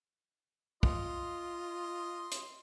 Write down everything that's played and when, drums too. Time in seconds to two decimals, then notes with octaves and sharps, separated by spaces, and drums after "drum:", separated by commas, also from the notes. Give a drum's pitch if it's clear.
0.83 F4 D#5 C6, drum: kick
2.32 drum: hi-hat